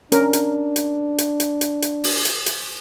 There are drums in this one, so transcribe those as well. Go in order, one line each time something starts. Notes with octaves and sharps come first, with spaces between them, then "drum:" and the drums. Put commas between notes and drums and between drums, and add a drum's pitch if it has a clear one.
C#4 D4 A#4, drum: hi-hat
drum: hi-hat
drum: hi-hat
drum: hi-hat
drum: hi-hat
drum: hi-hat
drum: hi-hat
drum: open hi-hat
drum: hi-hat
drum: hi-hat